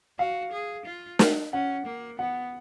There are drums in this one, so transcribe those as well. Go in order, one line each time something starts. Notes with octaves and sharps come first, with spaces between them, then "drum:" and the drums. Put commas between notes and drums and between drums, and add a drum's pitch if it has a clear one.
F#4 F5
G#4
F4
drum: snare
C#4 F#5
A#3
B3 F#5